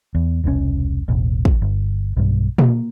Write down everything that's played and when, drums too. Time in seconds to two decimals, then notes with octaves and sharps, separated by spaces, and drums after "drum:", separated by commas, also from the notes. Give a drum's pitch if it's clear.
0.15 E2
0.44 E1 C2 C#3 C#4
1.08 E1 A1
1.45 drum: kick
1.62 G1
2.17 B1 G2
2.58 A#3, drum: tom A#2